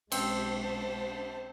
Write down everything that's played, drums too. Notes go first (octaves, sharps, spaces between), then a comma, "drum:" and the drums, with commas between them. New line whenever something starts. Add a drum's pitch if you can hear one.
B1 G#3 C4 C5 A5, drum: cymbal